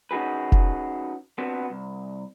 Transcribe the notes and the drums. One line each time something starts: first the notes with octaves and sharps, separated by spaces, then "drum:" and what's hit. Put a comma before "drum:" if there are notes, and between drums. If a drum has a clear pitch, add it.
C#4 D#4 F#4 G#4 B4
drum: kick F1
B3 C4 D4 F#4 B4
C2